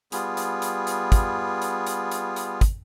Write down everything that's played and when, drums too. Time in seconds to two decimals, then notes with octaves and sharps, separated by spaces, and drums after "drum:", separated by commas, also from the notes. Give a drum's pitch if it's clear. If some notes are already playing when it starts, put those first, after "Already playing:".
0.12 G3 B3 F4 G#4, drum: hi-hat
0.37 drum: hi-hat
0.62 drum: hi-hat
0.87 drum: hi-hat
1.12 drum: kick, hi-hat
1.62 drum: hi-hat
1.87 drum: hi-hat
2.11 drum: hi-hat
2.36 drum: hi-hat
2.61 drum: kick, hi-hat